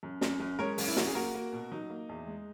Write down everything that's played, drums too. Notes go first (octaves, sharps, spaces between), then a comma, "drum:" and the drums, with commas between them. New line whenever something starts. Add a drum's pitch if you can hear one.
F#2
F#2, drum: snare
F#2
G#3 A#4 C#5
F#2, drum: open hi-hat
E4
F#2 F#4, drum: snare
G#4
A#3 F#4 A#4
A#3
B2
F#3 D#4
A#3
E2
G#3